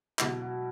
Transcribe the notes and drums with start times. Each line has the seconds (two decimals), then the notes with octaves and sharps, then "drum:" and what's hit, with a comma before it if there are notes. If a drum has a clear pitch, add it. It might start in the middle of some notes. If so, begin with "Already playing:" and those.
0.19 B2 F#3 E4, drum: clap
0.42 F#4